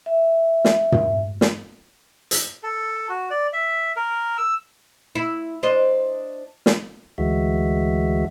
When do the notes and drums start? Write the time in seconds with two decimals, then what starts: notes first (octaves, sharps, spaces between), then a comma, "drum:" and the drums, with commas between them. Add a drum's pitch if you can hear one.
0.06 E5
0.65 drum: snare
0.92 drum: tom
1.41 drum: snare
2.31 drum: hi-hat
2.63 A4
3.09 F#4
3.31 D5
3.53 E5
3.96 A#4
4.38 E6
5.15 E4
5.63 D4 C5 D#5
6.66 drum: snare
7.18 D2 E3 G#3 F#4 E5